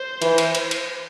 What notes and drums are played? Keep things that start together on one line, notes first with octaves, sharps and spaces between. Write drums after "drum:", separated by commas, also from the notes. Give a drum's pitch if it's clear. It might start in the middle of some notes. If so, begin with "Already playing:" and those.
Already playing: C5
E3, drum: cymbal
drum: cymbal
drum: cymbal
drum: cymbal